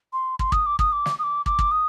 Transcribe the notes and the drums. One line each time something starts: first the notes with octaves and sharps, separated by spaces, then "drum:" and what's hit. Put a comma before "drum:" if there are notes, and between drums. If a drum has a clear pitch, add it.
C6
C6, drum: kick
D#6, drum: kick
D6
D#6, drum: kick
D6
drum: snare
D#6
D6
D6, drum: kick
drum: kick
D#6